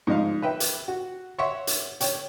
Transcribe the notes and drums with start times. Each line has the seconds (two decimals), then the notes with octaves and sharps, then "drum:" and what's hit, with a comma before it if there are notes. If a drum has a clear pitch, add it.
0.07 G#2 F3 D#5 F5
0.42 B4 E5 G5
0.60 drum: hi-hat
0.88 F#4
1.39 C#5 E5 F#5 C6 C#6
1.67 drum: hi-hat
2.01 C#5 G5, drum: hi-hat